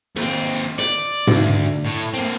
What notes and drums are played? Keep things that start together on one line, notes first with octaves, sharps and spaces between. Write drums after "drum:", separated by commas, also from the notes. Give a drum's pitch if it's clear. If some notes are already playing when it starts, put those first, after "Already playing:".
D#2 C4, drum: hi-hat
D5, drum: hi-hat
D2, drum: tom G#2
A2
A#3 C4